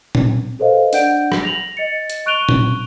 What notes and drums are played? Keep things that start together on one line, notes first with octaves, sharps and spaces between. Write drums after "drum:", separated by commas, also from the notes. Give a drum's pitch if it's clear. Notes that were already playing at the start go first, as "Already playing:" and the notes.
drum: tom A#2
G#4 A4 B4 C5 D#5 F5
D4 D5 F#5 G6 D7, drum: open hi-hat
drum: rim click
A#6 F7 F#7
D#5 A6 C#7
drum: hi-hat
C#6 F#6 D7 D#7 F7 G7
drum: tom A#2